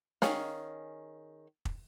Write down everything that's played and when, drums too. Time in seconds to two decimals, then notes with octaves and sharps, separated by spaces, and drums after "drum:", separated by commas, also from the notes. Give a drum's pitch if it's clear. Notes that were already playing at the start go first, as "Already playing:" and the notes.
0.22 D#3 C#4 G#4 F5, drum: snare
1.65 drum: kick